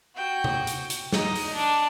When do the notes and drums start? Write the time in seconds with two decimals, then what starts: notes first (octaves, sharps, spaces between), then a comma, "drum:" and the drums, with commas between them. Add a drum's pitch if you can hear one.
0.15 F#4 G5
0.44 drum: tom C3
0.67 drum: hi-hat
0.90 drum: hi-hat
1.13 D#4 D#5, drum: snare
1.35 drum: open hi-hat
1.53 D4